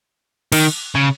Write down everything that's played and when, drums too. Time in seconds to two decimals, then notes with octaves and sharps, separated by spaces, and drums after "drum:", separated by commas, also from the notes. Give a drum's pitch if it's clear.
0.52 D#3, drum: cymbal
0.95 C#3